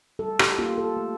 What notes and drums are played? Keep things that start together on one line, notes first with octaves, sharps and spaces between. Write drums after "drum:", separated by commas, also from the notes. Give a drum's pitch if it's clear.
G3 A4
G4, drum: rim click
A#3 F4
A4
A3